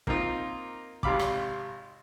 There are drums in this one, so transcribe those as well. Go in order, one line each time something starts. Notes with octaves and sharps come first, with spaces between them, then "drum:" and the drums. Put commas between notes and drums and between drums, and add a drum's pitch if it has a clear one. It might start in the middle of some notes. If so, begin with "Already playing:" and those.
A#3 C4 D#4 F4, drum: kick
G#1 C3 F5 B5 D6, drum: kick
drum: rim click